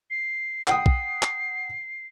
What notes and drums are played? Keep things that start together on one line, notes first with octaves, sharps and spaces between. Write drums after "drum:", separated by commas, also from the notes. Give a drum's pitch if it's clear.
C7
F#5 G5 D#6 C7, drum: clap
drum: kick
drum: clap